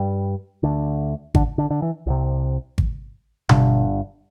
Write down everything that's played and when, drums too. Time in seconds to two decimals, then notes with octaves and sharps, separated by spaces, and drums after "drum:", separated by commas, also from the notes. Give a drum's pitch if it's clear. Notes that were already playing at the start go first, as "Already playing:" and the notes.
Already playing: G2 G3
0.63 D2 D3
1.35 D3, drum: kick G#1
1.58 D3
1.70 D3
1.82 E3
2.06 C2 C3
2.78 drum: kick G#1
3.49 G1 G2 D3, drum: tom B2